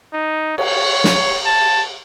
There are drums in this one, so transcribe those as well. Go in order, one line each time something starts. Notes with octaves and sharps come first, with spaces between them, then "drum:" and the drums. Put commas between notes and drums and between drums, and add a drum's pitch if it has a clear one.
D#4
C#5, drum: cymbal
drum: snare
A5